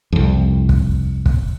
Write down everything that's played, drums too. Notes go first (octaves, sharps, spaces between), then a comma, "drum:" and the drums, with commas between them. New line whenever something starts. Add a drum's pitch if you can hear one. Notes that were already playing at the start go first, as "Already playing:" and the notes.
C2 F2
drum: kick
drum: kick